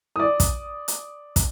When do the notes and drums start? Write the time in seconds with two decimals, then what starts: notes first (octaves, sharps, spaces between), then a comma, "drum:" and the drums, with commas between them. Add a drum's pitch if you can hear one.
0.16 D5 D#6
0.40 drum: kick, hi-hat
0.88 drum: hi-hat
1.36 drum: kick, hi-hat